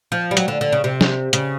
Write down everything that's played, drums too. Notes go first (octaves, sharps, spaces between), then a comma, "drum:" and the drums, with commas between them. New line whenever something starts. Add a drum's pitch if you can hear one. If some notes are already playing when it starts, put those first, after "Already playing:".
F3
G3
F#3, drum: hi-hat
D3
D3
C#3
C3
drum: snare
C#3, drum: hi-hat